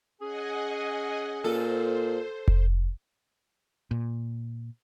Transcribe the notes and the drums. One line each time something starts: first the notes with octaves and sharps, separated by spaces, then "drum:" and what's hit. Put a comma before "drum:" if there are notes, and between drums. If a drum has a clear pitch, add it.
C#4 G#4 D#5 F#5 G#5
A#2 A4 C5
drum: kick F1
A#2